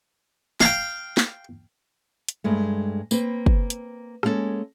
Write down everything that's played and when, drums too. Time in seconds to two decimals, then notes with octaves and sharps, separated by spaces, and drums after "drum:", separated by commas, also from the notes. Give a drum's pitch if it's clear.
0.60 F5 G5, drum: snare
1.17 drum: snare
2.28 drum: hi-hat
2.44 G2 G#3 A3
3.11 A#3 C4 B4, drum: tambourine
3.46 drum: kick
3.70 drum: hi-hat
4.23 G#3 A#3 C#4 E4 A4, drum: rim click